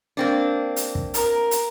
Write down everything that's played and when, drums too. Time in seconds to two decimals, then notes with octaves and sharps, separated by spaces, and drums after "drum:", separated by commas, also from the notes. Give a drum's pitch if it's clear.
0.17 A#3 C4 D4
0.76 drum: hi-hat
0.95 drum: kick
1.14 A#4, drum: hi-hat
1.51 drum: hi-hat